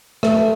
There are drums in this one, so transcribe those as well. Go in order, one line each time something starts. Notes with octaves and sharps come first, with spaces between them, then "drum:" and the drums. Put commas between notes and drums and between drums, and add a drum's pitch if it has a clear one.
A3, drum: rim click